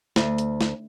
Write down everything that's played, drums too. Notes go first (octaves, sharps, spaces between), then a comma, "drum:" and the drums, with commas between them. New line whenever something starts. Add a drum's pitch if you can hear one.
D2, drum: snare
drum: hi-hat
drum: snare